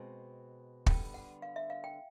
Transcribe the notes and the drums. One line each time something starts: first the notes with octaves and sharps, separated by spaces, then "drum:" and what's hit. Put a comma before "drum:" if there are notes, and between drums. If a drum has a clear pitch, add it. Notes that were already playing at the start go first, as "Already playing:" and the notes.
Already playing: B2 G#3 C4
D3 G3 B3 G5, drum: kick
F#5
F5
E5
F5
G5